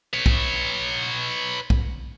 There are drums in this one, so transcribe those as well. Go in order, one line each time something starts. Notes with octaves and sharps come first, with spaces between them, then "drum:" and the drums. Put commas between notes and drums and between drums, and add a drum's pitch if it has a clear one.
B4 C#5
drum: kick
drum: kick